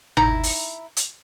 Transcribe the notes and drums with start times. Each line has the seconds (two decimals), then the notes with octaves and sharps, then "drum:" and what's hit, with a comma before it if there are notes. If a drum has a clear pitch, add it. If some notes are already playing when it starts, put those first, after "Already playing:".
0.17 D#4 E4 A#5, drum: tom G1
0.43 drum: open hi-hat
0.97 drum: hi-hat